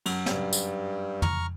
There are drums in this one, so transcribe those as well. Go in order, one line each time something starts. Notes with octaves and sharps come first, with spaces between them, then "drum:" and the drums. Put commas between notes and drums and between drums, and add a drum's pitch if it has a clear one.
F#2, drum: cymbal
G2 G3, drum: snare
drum: tambourine
A#5 C#6 F6, drum: tom